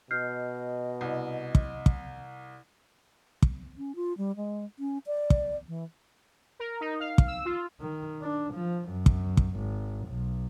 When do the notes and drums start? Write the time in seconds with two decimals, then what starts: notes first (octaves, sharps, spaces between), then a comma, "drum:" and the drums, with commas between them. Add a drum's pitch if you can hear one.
0.11 B2 D#5 F6 G6 C7
1.01 C2
1.55 drum: kick
1.86 drum: kick
3.42 drum: kick
3.78 C#4
3.96 F4
4.18 G3
4.36 G#3
4.79 C#4
5.07 D5
5.30 drum: kick
5.68 E3
6.60 A#4
6.81 D#4
7.00 F5
7.18 drum: kick
7.27 E6
7.45 F4
7.81 D#3
8.22 D4
8.54 F3
8.89 F#2
9.06 drum: kick
9.37 drum: kick
9.57 G#1
10.07 B1